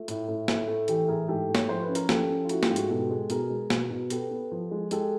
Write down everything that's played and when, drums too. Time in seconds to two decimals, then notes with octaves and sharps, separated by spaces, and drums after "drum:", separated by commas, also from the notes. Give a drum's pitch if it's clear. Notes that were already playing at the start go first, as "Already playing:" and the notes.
Already playing: A3 F4
0.08 A2, drum: hi-hat
0.28 A2
0.48 A2, drum: snare
0.67 A3
0.88 E3 G4 A4, drum: hi-hat
1.08 A2 G#4 A#4
1.28 G#2 G4 A4
1.48 A3
1.55 C#5, drum: snare
1.69 F3 C5
1.83 B4
1.89 C#4
1.95 A#4, drum: hi-hat
2.09 F3 G4 A4, drum: snare
2.29 C#4
2.44 F4
2.49 A3 E4 F#4, drum: hi-hat
2.63 F4 G4, drum: snare
2.69 G#2
2.76 F#4 G#4, drum: hi-hat
2.89 B2 G4 A4
3.11 G#3
3.30 B2 G#4 A#4, drum: hi-hat
3.50 G#3
3.70 B2, drum: snare
3.90 B2
4.10 B3 G4 A4, drum: hi-hat
4.31 B3
4.51 F3
4.71 G#3
4.91 G#3 G4 A4, drum: hi-hat